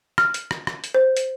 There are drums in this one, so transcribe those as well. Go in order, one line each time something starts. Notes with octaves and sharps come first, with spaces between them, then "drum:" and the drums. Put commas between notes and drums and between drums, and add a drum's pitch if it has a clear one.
F6, drum: rim click
drum: hi-hat
drum: rim click
drum: rim click
drum: hi-hat
C5
drum: hi-hat